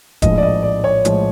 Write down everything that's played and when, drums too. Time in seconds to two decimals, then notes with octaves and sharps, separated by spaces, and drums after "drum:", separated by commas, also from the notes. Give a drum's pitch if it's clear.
0.22 A#1 A2 F3 G#3 D#5, drum: kick E1, hi-hat
0.38 D5
0.43 D#5
0.63 D5
0.84 C#5
1.05 A2 F3 G#3, drum: hi-hat